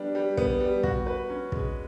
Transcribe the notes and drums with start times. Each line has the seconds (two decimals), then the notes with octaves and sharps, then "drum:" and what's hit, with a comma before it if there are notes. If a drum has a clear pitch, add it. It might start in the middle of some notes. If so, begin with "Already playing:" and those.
Already playing: G3 B3 D4
0.15 G3
0.37 B3, drum: kick
0.60 G3
0.83 F#4, drum: kick
1.06 B4
1.30 C#4
1.52 G#3, drum: kick